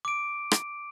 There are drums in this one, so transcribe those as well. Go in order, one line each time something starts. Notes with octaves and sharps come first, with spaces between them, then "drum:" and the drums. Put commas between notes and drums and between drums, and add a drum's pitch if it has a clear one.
D6 D7
drum: rim click